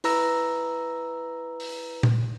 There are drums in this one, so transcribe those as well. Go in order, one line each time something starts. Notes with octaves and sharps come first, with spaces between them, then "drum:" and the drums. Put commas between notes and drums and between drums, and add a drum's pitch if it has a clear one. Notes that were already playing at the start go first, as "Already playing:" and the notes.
E4 B4 A#5 E6 A#6, drum: open hi-hat
drum: open hi-hat
drum: tom